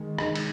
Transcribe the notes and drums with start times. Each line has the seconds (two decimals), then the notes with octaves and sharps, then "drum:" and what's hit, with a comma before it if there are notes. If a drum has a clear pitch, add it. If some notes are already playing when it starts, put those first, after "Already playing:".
Already playing: D#3 G#3
0.19 D#3 G#3, drum: rim click
0.35 drum: cymbal